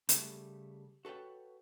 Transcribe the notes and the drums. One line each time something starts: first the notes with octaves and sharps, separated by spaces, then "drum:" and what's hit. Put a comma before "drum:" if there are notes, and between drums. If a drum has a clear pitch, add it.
C#3 G3 A3, drum: hi-hat
F#4 A4 B4 C#5 G5